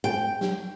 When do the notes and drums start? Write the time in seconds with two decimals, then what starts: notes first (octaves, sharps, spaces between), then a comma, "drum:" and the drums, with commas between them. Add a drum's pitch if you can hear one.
0.04 G5
0.41 drum: snare